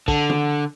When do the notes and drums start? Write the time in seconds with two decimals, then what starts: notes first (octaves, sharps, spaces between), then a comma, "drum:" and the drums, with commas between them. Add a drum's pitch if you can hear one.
0.08 D3, drum: kick
0.30 drum: tom D3